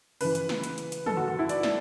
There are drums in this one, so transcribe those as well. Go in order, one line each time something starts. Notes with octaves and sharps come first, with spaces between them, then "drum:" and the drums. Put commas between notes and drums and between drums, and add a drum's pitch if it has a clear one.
C#3 E3 B4, drum: open hi-hat
drum: hi-hat
drum: snare
drum: hi-hat
drum: hi-hat
drum: hi-hat
A4, drum: tom
F#4
F#4
E4
D5, drum: hi-hat
drum: snare